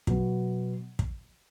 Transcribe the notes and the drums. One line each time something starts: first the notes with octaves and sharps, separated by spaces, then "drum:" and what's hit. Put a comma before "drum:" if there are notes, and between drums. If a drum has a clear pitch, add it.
B2 F#3 B3, drum: kick
drum: kick